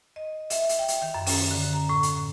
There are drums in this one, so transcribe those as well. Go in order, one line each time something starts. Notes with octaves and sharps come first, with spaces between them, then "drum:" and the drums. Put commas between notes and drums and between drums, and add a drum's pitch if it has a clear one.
D#5
E5, drum: hi-hat
drum: hi-hat
G5
drum: hi-hat
D#3
F#2
C#4, drum: open hi-hat
D3
A#5
A2
drum: hi-hat